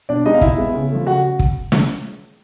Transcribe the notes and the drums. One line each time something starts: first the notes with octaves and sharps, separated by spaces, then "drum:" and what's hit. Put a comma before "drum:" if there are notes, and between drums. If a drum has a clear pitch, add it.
B2 D4 D5
G#3 B3 D#4 D#5
F5
B2 E4 E5, drum: kick
G#3 B3
C#3
F3 A3
C#3 F#4 F#5
drum: kick
drum: snare